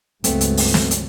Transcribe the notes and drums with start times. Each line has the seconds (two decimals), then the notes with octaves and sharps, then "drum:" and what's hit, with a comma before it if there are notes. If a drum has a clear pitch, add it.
0.24 C#2 G2 F#3 A3 B3 C4, drum: hi-hat
0.41 drum: hi-hat
0.57 drum: open hi-hat
0.74 drum: snare
0.91 drum: hi-hat